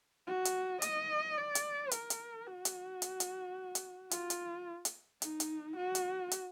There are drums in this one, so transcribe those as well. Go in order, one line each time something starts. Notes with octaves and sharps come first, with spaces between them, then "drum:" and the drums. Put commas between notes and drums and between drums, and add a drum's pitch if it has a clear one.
F#4
drum: hi-hat
D#5, drum: hi-hat
D5
drum: hi-hat
A#4, drum: hi-hat
drum: hi-hat
F#4
drum: hi-hat
drum: hi-hat
drum: hi-hat
drum: hi-hat
F4, drum: hi-hat
drum: hi-hat
drum: hi-hat
D#4, drum: hi-hat
drum: hi-hat
F#4
drum: hi-hat
drum: hi-hat